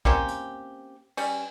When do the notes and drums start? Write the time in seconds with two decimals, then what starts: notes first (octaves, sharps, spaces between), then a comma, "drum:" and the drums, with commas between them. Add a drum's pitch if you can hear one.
0.05 A#3 C4 C#4 G4, drum: kick A#1
0.28 drum: hi-hat
1.17 G3 C#4, drum: cymbal